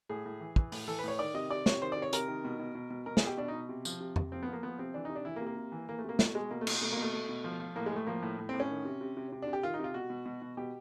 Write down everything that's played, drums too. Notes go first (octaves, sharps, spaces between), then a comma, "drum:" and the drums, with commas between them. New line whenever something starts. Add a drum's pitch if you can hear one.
A2 G#4
A2
E3
E3, drum: kick
A2, drum: open hi-hat
E3 A4
B4
A2 C#5
D#3 D5
C3 D#5
C3 D5
C3 C#5, drum: snare
D#3 C5
D5
C3
C#5
C3 A#4, drum: hi-hat
D#3
B2
B2
B2
B2
B2 A#4
G#4, drum: snare
B2 G4
B2 D4
D#4
B2
C3
F3, drum: tambourine
C3
C3, drum: tom F2
F3 C4
B3
F3
A#3
F3 B3
C3 C4
E3 D4
D#4
C3
D4
E3 E4
A#3
C3
A#3
C3
E3
E3 A#3
A3
C3 A#3
B2 A3, drum: snare
B2 G#3
B2 A#3
A3
B2, drum: cymbal
B2 A3
A#3
B2
A3
B2 A3
B2
F3
F3
A2 A#3
G#3
A2 A3
F3 A#3
A2
A2
C4
A2
C#4
D#3
C3
C3
C3
C3
D4
C3
G4
D#3 F4
D#4
C3 F4
B2 F#4
B2
B2
B2
B2 G4